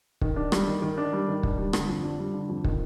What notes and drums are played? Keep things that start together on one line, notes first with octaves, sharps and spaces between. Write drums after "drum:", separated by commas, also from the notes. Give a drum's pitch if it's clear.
D#3, drum: kick
D4
G3, drum: rim click
D#3
D#3
D4
G3
D#3
D4, drum: kick
G3
D3, drum: rim click
F2
D4
G3
D3
F2
D#3, drum: kick